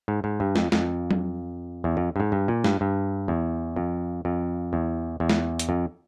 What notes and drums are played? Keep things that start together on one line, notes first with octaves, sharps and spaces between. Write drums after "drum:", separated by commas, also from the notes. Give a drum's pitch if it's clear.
G#2
G#2
G2
F2, drum: snare
F2, drum: snare
drum: tom F#3
E2
F2
G2
G#2
G2
A#2
G2, drum: snare
G2
E2
F2
F2
E2
E2
drum: snare
drum: hi-hat
F2